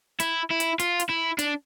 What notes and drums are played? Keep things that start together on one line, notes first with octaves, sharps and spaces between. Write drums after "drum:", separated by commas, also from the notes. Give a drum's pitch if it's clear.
E4, drum: hi-hat
E4
drum: hi-hat
F4, drum: hi-hat
drum: hi-hat
E4
D4, drum: hi-hat